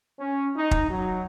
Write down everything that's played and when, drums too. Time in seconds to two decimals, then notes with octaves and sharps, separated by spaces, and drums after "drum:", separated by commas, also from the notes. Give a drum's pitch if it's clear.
0.19 C#4
0.56 D#4
0.71 drum: kick
0.90 F#3